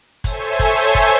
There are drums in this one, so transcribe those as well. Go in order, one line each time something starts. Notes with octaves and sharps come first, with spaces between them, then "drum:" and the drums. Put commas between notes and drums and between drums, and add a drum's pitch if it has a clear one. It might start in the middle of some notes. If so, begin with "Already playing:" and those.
A4 C5 C#5 E5 G#5, drum: kick, hi-hat
drum: kick, hi-hat
drum: hi-hat
drum: kick, hi-hat